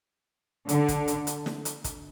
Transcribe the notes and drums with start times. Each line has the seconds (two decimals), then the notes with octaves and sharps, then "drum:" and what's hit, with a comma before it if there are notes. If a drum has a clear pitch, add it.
0.69 D3, drum: hi-hat
0.88 drum: kick, hi-hat
1.08 drum: hi-hat
1.27 drum: hi-hat
1.46 drum: snare
1.65 drum: hi-hat
1.84 drum: kick, hi-hat